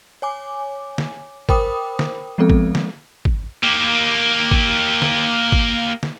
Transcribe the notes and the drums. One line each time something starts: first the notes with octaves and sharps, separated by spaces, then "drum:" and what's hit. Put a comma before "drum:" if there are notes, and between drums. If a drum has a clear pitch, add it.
C#5 G#5 D6
drum: snare
A#4 C5 G5 B5 D6 D#6, drum: kick
drum: snare
F3 G#3 B3 C4 A4
drum: kick
drum: snare
drum: kick
A#3 G4
drum: kick
drum: snare
drum: kick
drum: snare